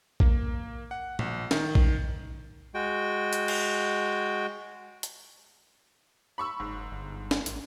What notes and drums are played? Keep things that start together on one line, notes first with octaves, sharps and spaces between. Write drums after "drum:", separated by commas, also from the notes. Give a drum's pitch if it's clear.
A#3, drum: kick A#1
F#5
A#1, drum: tom A#2
D#3, drum: snare
drum: kick A#1
G#3 F#4 G5
drum: hi-hat
drum: cymbal
drum: hi-hat
B5 C#6 E6
F#1 G#2
G1
drum: snare
A1, drum: hi-hat